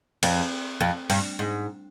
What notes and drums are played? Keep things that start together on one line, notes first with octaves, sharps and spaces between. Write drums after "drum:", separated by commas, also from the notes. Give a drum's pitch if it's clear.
F2, drum: cymbal
F2
G2, drum: open hi-hat
G#2